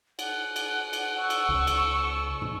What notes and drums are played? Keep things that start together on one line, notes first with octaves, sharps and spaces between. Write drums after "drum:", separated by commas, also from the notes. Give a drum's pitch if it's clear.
F#5, drum: cymbal
drum: cymbal
drum: cymbal
C#6 E6
drum: cymbal
C#2
drum: cymbal
drum: tom